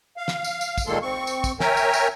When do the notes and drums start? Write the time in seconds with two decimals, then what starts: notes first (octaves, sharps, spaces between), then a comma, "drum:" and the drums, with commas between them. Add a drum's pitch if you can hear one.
0.17 F5
0.28 drum: snare
0.44 drum: tambourine
0.61 drum: tambourine
0.78 drum: kick, tambourine
0.87 A#2 D#3 G#3 A#3 A4 C6
1.02 C4 C#6
1.27 drum: tambourine
1.44 drum: kick, tambourine
1.60 A#4 C#5 E5 G5 G#5 A#5, drum: snare
1.77 drum: tambourine
1.93 drum: tambourine